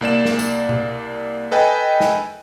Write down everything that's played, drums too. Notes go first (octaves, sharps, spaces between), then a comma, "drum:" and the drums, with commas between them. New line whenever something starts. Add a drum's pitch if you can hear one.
C2 A#3 D5 E7
drum: snare
drum: tambourine
drum: tom B2
A4 B4 D#5 G5 G#5 B5
drum: snare